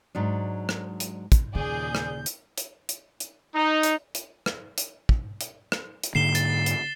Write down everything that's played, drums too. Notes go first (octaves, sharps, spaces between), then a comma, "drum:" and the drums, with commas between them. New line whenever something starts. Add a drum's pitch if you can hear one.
G#2 F#3 D4
drum: rim click
drum: hi-hat
drum: kick, hi-hat
D#2 A#2 C#3 G#4 D5 G6
drum: rim click
drum: hi-hat
drum: hi-hat
drum: hi-hat
drum: hi-hat
D#4
drum: hi-hat
drum: hi-hat
drum: rim click
drum: hi-hat
drum: kick
drum: hi-hat
drum: rim click
drum: hi-hat
G#2 D3 A#3 C7 E7 G7
A6, drum: hi-hat
drum: hi-hat